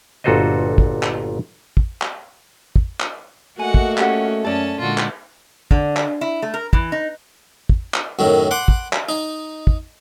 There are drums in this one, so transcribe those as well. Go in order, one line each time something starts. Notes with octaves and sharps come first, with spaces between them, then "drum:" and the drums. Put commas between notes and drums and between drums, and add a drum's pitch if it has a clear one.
G1 A#2 F#4 A4 C5 D#5
drum: kick
drum: clap
drum: kick
drum: clap
drum: kick
drum: clap
A3 A#3 F#4 D#5 F#5 G#5
drum: kick
C#4 G4 F#5, drum: clap
F#2 C#4 A4 D5 A5
A#2 D3 G#3 F4 F#4
drum: clap
D3, drum: kick
drum: clap
E4
A3
A#4
E3, drum: kick
D#4
drum: kick
drum: clap
F#2 A2 D#3
F#5 B5 C6 D6
drum: kick
drum: clap
D#4
drum: kick